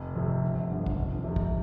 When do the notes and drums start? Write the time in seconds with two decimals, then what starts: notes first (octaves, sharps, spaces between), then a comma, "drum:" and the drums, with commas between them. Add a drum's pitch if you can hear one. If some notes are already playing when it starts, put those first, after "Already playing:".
Already playing: F1
0.15 F2 C3
0.42 G1
0.69 G2 D3 F3
0.86 drum: kick
0.97 F1
1.24 F2 C3
1.36 drum: kick